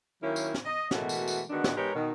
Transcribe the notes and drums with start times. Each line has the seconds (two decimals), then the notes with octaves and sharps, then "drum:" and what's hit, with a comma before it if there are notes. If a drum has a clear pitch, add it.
0.22 D#3 F#3 A#3 C#4 E4
0.36 drum: tambourine
0.54 drum: snare
0.65 D#5
0.91 B2 E3 G#3 A3 F#4 A#4, drum: snare
1.09 drum: tambourine
1.28 drum: tambourine
1.50 D3 D#3 G#3 B3 D4 F#4
1.64 drum: snare
1.76 G#3 D#4 G4 A#4 B4 C#5
1.95 B2 D#3